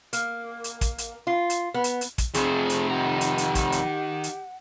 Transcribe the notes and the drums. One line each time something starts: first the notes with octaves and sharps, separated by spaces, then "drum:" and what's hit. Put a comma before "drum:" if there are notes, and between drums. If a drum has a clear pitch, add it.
A#3, drum: hi-hat
drum: hi-hat
drum: kick, hi-hat
drum: hi-hat
F4
drum: hi-hat
B3
drum: hi-hat
drum: hi-hat
drum: kick, hi-hat
F2 C3 A3 G#4 C5, drum: hi-hat
drum: hi-hat
D#3 G4 F#5 A#5
drum: hi-hat
drum: hi-hat
drum: kick, hi-hat
drum: hi-hat
drum: hi-hat